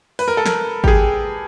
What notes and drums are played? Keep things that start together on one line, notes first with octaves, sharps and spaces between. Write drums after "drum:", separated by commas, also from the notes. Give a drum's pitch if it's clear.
B4, drum: open hi-hat
A#4
A4
A#4, drum: snare
G4, drum: kick G#1
G#4